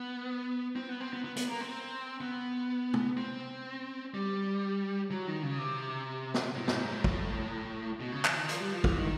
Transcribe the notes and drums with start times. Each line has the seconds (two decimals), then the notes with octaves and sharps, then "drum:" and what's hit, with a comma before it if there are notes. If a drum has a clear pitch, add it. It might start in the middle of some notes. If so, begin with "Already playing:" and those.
Already playing: B3
0.76 C4
0.89 B3
1.01 C4
1.13 B3
1.24 B3
1.36 B3, drum: hi-hat
1.48 A#3
1.61 C4
2.21 B3
2.94 drum: tom
3.17 C4
4.14 G3
5.11 F#3
5.27 D#3
5.42 C#3
5.59 C3
6.34 drum: snare
6.56 A2
6.68 G#2, drum: snare
6.79 G#2
6.91 A2
7.04 drum: kick
8.00 B2
8.12 C#3
8.25 E3, drum: clap
8.37 D#3
8.49 F3, drum: hi-hat
8.60 G3
8.72 F3
8.84 E3, drum: kick
8.97 D#3